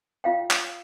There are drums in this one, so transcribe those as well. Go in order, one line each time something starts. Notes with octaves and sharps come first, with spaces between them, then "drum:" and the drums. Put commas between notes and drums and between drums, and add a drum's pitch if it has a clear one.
F4 F5 G5
drum: clap